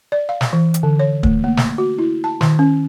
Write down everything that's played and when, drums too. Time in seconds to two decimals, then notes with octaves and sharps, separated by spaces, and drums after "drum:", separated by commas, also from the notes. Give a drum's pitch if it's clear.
0.12 D5
0.29 F5
0.41 drum: snare
0.53 E3
0.74 drum: hi-hat
0.83 D3
0.99 C#5
1.23 A3, drum: kick
1.44 A#3
1.57 drum: snare
1.78 F#4
1.99 E4
2.24 A5
2.41 D#3, drum: snare
2.59 C#4